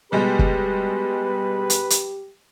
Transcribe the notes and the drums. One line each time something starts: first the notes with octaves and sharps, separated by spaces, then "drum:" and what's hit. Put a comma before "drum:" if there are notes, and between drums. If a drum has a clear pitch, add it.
B2 G3 G#3 G4 B4
drum: kick
drum: hi-hat
drum: hi-hat